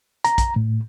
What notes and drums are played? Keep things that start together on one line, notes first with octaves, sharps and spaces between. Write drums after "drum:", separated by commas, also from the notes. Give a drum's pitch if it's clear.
A#5, drum: hi-hat
drum: kick, hi-hat
A2